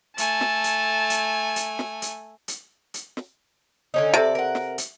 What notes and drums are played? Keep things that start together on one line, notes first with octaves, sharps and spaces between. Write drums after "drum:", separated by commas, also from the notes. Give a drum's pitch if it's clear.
A3 G#5 A5, drum: hi-hat
drum: snare
drum: hi-hat
drum: hi-hat
drum: hi-hat
drum: snare
drum: hi-hat
drum: hi-hat
drum: hi-hat
drum: snare
D3 C#4 D#4
C3 A4 D5
A#4 F#5
drum: snare
drum: hi-hat